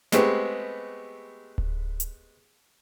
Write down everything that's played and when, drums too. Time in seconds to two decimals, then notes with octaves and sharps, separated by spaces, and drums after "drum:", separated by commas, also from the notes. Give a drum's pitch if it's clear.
0.12 G#3 A3 B3 C4 G4 B4, drum: snare
1.58 drum: kick D1
2.00 drum: hi-hat